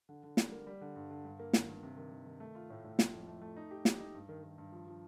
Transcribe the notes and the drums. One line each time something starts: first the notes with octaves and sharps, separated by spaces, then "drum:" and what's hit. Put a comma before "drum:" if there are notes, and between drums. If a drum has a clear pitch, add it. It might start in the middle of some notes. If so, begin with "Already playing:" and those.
D3
D3
G3, drum: snare
A#3
G3
D3
G2
D3
G2
A#3
D#3, drum: snare
G2
C3
D#3
D#3
D#3
A3
F4
A2
A2
F3, drum: snare
F2
A3
A3
D#4
G4
G4, drum: snare
D#4
G2
D#3
D#3
G2
F3
F3